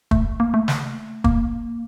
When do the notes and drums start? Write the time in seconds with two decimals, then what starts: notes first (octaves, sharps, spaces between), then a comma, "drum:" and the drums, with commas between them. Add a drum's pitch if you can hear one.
0.11 A3, drum: kick
0.40 A#3
0.54 A3
0.68 drum: snare
1.24 A#3, drum: kick